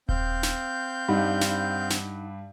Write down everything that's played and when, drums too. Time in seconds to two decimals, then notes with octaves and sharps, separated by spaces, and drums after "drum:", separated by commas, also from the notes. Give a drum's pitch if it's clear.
0.09 C4 F5 G6, drum: kick D#1
0.43 drum: snare
1.08 G2 G3 D#4 F#5 B5
1.41 drum: snare
1.90 drum: snare